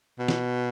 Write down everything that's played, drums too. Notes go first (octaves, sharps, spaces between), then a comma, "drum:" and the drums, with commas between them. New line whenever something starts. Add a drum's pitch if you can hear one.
B2
drum: snare